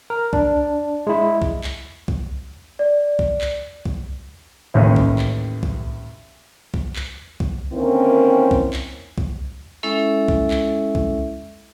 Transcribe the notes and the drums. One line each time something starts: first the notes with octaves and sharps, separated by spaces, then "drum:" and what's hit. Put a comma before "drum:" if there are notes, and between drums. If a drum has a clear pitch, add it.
A#4
D4, drum: kick B1
G#3 E4
drum: kick B1
drum: clap
drum: kick B1
D5
drum: kick B1
drum: clap
drum: kick B1
A1 D#2 C#4
drum: kick B1
drum: clap
drum: kick B1
drum: kick B1
drum: clap
drum: kick B1
D3 D#3 A#3 C4 C#4 E4
drum: kick B1
drum: clap
drum: kick B1
G#3 C#4 E4 A4 E5
drum: kick B1
drum: clap
drum: kick B1